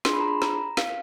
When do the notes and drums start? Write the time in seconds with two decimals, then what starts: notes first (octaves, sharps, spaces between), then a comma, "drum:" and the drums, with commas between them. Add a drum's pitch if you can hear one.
0.05 D4 F4 G#4 C6, drum: snare
0.13 B5
0.20 A#5
0.28 B5
0.42 A#5, drum: snare
0.77 F5, drum: snare